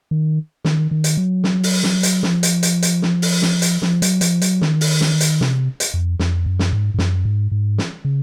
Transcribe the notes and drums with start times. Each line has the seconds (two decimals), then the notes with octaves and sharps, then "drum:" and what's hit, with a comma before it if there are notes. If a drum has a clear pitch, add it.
0.11 D#3
0.64 D#3, drum: snare
0.91 D#3
1.04 drum: hi-hat
1.17 F#3
1.44 drum: snare
1.63 drum: open hi-hat
1.83 drum: snare
2.03 drum: hi-hat
2.23 F3, drum: snare
2.43 drum: hi-hat
2.63 drum: hi-hat
2.82 drum: hi-hat
3.02 drum: snare
3.22 drum: open hi-hat
3.42 drum: snare
3.62 drum: hi-hat
3.82 F3, drum: snare
4.02 F#3, drum: hi-hat
4.21 F3, drum: hi-hat
4.42 F#3, drum: hi-hat
4.61 D#3, drum: snare
4.81 drum: open hi-hat
5.01 drum: snare
5.20 drum: hi-hat
5.41 C3, drum: snare
5.80 drum: hi-hat
5.94 F2
6.19 F2, drum: snare
6.46 F#2
6.59 drum: snare
6.73 G#2
6.94 G#2
6.98 F#2, drum: snare
7.25 G#2
7.52 G#2
7.78 drum: snare
8.05 C#3